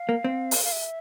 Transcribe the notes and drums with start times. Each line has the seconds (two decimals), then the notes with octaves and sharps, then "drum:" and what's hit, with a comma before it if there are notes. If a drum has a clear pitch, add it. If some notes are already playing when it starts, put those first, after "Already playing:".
Already playing: F5
0.09 A#3
0.24 C4
0.51 drum: open hi-hat
0.64 F5
0.72 E5